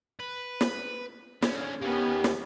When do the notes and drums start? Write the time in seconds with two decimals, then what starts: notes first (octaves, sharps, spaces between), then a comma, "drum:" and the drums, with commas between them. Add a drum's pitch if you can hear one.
0.19 B4
0.61 drum: snare
1.42 D3 C#4, drum: snare
1.82 D#3 A#3 B3 C#4 G4
2.24 drum: snare